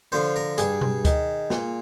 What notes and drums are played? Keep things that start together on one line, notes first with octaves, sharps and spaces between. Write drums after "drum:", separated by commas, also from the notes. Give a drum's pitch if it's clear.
D3 F3 C5
A#4
G2 G#4, drum: hi-hat
drum: tom B2
D#3, drum: kick D2, hi-hat
A#2, drum: snare